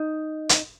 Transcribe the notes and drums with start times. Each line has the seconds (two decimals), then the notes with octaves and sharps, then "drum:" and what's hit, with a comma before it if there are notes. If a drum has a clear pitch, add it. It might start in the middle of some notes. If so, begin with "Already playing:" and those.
Already playing: D#4
0.49 drum: hi-hat